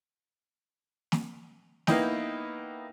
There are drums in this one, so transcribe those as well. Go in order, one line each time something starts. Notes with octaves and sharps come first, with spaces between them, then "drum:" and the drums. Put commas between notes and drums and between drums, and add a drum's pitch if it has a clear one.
drum: snare
A#3 B3 D#4 E4 D#5 G5, drum: snare